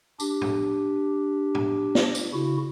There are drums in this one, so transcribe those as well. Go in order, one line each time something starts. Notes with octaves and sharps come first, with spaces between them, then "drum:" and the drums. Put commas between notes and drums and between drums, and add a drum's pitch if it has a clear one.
D4 G4, drum: tambourine
drum: tom A2
drum: tom A2
drum: snare
drum: tambourine
C#3 E4 F#4